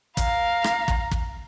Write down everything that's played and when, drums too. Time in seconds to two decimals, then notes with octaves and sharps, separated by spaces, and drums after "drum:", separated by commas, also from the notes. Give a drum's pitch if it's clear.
0.17 F5 A#5, drum: kick, hi-hat
0.64 drum: rim click
0.88 drum: kick
1.11 drum: kick